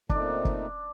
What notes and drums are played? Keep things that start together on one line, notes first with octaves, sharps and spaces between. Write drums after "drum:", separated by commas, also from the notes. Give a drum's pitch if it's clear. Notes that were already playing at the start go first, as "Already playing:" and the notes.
A#2 A3 C4 D4 D#4, drum: kick
drum: kick